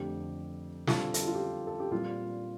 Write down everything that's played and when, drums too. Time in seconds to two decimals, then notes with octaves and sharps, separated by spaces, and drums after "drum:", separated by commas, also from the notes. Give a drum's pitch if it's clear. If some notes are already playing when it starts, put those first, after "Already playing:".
Already playing: F2 D3 A3 C4 G4
0.87 D3 G3 C4 F4 A4, drum: snare
1.14 A4, drum: hi-hat
1.21 G4
1.27 F4
1.35 G4
1.67 A4
1.80 G4
1.91 A#2 G3 C4 F4